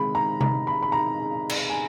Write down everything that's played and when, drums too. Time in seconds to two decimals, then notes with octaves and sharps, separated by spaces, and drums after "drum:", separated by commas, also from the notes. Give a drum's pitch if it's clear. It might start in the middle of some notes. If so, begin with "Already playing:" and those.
Already playing: C3 D#3 G#3 B5
0.15 A#5
0.41 A#5, drum: tom C3
0.67 B5
0.83 B5
0.92 A#5
1.49 drum: cymbal
1.70 G#5